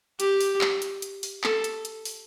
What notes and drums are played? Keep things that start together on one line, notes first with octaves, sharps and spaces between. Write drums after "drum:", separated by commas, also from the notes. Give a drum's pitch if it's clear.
G4, drum: hi-hat
drum: open hi-hat
drum: clap
drum: hi-hat
drum: hi-hat
drum: open hi-hat
A4, drum: clap
drum: hi-hat
drum: hi-hat
drum: open hi-hat